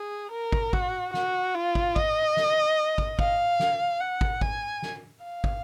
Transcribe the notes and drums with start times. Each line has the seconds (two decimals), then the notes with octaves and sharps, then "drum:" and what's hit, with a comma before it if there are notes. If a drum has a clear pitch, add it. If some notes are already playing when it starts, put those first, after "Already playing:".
Already playing: G#4
0.32 A#4
0.52 drum: kick
0.73 F#4, drum: kick
1.14 F#4, drum: snare
1.55 F4
1.75 drum: kick
1.96 D#5, drum: kick
2.37 drum: snare
2.98 drum: kick
3.19 F5, drum: kick
3.60 drum: snare
4.01 F#5
4.21 drum: kick
4.41 G#5, drum: kick
4.82 drum: snare
5.24 F5
5.44 drum: kick